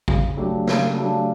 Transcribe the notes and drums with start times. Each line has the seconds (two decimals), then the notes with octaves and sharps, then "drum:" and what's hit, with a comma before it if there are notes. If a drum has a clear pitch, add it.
0.08 C#3, drum: kick G#1
0.37 F#3 A3 D4 G4
0.67 C#3, drum: snare
0.97 F#3 A3 D4 G4